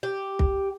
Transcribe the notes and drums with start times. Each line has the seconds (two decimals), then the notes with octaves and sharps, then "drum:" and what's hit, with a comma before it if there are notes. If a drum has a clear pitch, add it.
0.03 G4
0.39 drum: kick